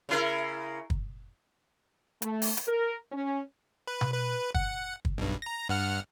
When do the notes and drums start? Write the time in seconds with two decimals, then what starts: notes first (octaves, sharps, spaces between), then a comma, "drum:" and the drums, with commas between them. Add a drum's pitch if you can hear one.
0.09 C#3 E4 A#4
0.90 drum: kick
2.22 A3, drum: hi-hat
2.42 drum: open hi-hat
2.57 drum: hi-hat
2.67 A#4
3.12 C#4
3.87 B4
4.01 drum: tom B2
4.13 B4
4.55 F#5, drum: kick
5.05 drum: kick
5.18 B1 G2
5.42 A#5 A#6
5.69 G2 F#5 F6